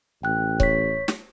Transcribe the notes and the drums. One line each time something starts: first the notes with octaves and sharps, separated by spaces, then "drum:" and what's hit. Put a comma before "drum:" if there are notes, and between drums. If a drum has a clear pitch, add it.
A1 G5 F#6
C#5 B6, drum: kick C#1
drum: snare